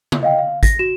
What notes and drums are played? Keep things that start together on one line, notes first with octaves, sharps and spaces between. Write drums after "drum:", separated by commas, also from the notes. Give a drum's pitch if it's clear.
drum: tom C#3
D#5 F5 G5
F5
A#6, drum: kick, hi-hat
F#4 E7